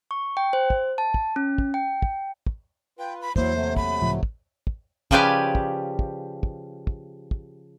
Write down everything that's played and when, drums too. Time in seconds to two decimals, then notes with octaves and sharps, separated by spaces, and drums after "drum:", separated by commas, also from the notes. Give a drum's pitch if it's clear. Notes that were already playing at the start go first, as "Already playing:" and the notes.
0.11 C#6
0.37 G5
0.53 C5
0.70 drum: kick
0.98 A5
1.14 drum: kick
1.36 C#4
1.58 drum: kick
1.74 G5
2.02 drum: kick
2.47 drum: kick
2.99 F4 B4 G5
3.22 B5
3.36 E2 F#3 A#3 E4 C5, drum: kick
3.53 C3 F#3 A3
3.77 B5, drum: kick
4.02 C#2 A2 F3
4.23 drum: kick
4.67 drum: kick
5.11 C#3 F3 G4 B4 D5 G#5, drum: kick
5.55 drum: kick
5.99 drum: kick
6.43 drum: kick
6.87 drum: kick
7.31 drum: kick